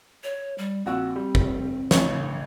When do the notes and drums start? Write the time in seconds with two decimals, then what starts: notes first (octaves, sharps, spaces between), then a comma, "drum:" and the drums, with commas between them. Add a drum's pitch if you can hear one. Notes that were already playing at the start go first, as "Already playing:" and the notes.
0.23 C#5
0.58 G3
0.86 A#1 C4 F#4 E6
1.16 G3
1.35 drum: kick
1.91 A1 C#5, drum: snare